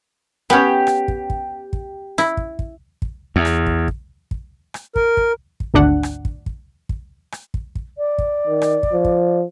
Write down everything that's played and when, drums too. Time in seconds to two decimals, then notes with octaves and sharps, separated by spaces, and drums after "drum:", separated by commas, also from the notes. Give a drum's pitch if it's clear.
0.50 B3 C#4 G4
0.87 drum: rim click
1.08 drum: kick
1.30 drum: kick
1.73 drum: kick
2.18 E4, drum: rim click
2.37 drum: kick
2.59 drum: kick
3.02 drum: kick
3.36 E2
3.45 drum: rim click
3.66 drum: kick
3.88 drum: kick
4.31 drum: kick
4.74 drum: rim click
4.96 A#4, drum: kick
5.17 drum: kick
5.60 drum: kick
5.74 G#1 D2 D4 F#5
6.03 drum: rim click
6.25 drum: kick
6.46 drum: kick
6.89 drum: kick
7.32 drum: rim click
7.54 drum: kick
7.75 drum: kick
7.97 D5
8.18 drum: kick
8.47 D#3
8.62 drum: rim click
8.83 drum: kick
8.93 F3
9.05 drum: kick